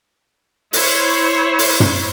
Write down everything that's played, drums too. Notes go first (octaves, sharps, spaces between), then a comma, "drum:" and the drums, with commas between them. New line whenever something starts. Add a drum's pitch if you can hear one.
E4 C5 C#5, drum: open hi-hat
drum: open hi-hat
drum: tom